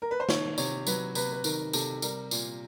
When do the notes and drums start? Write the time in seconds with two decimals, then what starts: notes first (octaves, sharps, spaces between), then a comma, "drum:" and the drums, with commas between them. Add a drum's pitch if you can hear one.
0.02 A#4
0.11 B4
0.20 C5
0.29 D#3 C#5, drum: snare
0.58 C3 C#5, drum: tambourine
0.87 F#3 B4, drum: tambourine
1.15 C3 B4, drum: tambourine
1.32 B4
1.44 D#3 A#4, drum: tambourine
1.73 C3 A4, drum: tambourine
2.02 G3 A#4, drum: tambourine
2.31 A#2, drum: tambourine